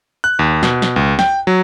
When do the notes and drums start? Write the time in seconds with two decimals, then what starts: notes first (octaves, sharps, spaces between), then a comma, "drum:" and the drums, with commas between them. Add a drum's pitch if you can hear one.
0.24 F#6
0.39 D#2
0.63 B2, drum: snare
0.82 drum: snare
0.96 C#2
1.19 G5, drum: snare
1.47 F#3